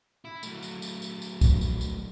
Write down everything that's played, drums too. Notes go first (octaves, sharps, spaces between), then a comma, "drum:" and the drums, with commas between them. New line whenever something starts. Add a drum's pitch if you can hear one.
E4
F#3 A3, drum: tambourine
drum: tambourine
drum: tambourine
drum: tambourine
drum: tambourine
drum: kick, tambourine
drum: tambourine
drum: tambourine